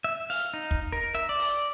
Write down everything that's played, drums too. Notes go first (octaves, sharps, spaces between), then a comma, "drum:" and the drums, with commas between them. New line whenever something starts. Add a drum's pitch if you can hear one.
E5
F5, drum: open hi-hat
D#4
drum: kick
A#4
E5, drum: hi-hat
D5
drum: open hi-hat